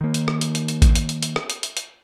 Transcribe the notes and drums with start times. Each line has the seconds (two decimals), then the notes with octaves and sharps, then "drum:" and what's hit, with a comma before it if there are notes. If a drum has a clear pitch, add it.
0.01 D#3 A#3
0.14 drum: hi-hat
0.28 drum: rim click
0.41 drum: hi-hat
0.55 drum: hi-hat
0.68 drum: hi-hat
0.82 drum: kick A1, hi-hat
0.95 drum: hi-hat
1.09 drum: hi-hat
1.23 drum: hi-hat
1.36 drum: rim click
1.50 drum: hi-hat
1.63 drum: hi-hat
1.77 drum: hi-hat